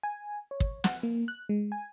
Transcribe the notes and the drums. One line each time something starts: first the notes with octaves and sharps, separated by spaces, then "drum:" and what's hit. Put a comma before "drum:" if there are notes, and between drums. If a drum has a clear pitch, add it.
G#5
C#5
drum: kick
F#5, drum: snare
A#3
F#6
G#3
G#5